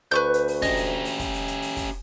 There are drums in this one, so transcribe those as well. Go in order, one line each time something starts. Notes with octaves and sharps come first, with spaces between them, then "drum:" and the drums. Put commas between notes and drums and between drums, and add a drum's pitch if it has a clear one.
D2 B4 C#6 G6
drum: hi-hat
drum: open hi-hat
C#4 G4 D#5, drum: kick, open hi-hat
drum: open hi-hat
drum: open hi-hat
drum: kick, open hi-hat
drum: open hi-hat
drum: hi-hat
drum: open hi-hat
drum: kick, open hi-hat